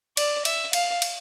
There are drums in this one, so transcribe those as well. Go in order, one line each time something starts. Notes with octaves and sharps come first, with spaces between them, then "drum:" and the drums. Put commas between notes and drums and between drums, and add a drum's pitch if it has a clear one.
D5, drum: cymbal
E5, drum: cymbal
F5, drum: cymbal
drum: cymbal